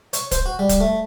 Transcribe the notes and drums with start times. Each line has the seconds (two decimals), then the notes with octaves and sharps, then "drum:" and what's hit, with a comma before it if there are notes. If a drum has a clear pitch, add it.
0.13 C#5, drum: hi-hat
0.31 C5, drum: kick, hi-hat
0.46 F#4
0.59 G3
0.69 drum: kick, hi-hat
0.81 A3